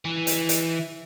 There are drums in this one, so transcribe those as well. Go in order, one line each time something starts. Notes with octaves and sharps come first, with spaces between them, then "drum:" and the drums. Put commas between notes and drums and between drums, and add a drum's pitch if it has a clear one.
E3
drum: hi-hat
drum: hi-hat